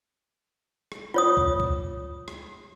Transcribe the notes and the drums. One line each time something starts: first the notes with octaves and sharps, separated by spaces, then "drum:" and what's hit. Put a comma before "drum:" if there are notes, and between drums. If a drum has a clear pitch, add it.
drum: rim click
F4 C#5 D#6
drum: kick
drum: kick
drum: rim click